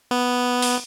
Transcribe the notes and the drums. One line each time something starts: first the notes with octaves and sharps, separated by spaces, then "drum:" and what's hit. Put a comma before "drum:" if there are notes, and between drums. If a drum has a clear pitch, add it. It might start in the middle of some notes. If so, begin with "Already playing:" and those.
B3
drum: open hi-hat